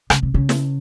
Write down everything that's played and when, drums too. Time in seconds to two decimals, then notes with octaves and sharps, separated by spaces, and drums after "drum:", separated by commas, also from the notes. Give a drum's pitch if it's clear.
0.10 C#3, drum: rim click
0.23 C3
0.34 C#3
0.49 drum: snare